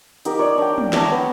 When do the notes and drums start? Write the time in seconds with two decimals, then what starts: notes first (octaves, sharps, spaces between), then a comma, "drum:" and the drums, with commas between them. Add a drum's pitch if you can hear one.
0.25 D#4 G4 A#4, drum: hi-hat
0.38 A#4 C#5 D5
0.58 D4 G5
0.78 drum: tom
0.93 C#5 E5 A5 A#5, drum: snare
1.11 B3